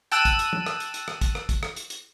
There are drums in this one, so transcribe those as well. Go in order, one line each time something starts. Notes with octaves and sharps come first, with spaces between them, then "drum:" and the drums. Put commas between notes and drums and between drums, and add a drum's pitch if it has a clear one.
G5 A5 E6 F#6 D#7, drum: hi-hat
drum: kick, hi-hat
drum: hi-hat
drum: tom
drum: rim click
drum: hi-hat
drum: hi-hat
drum: rim click
drum: kick, hi-hat
drum: rim click
drum: kick, hi-hat
drum: rim click
drum: hi-hat
drum: hi-hat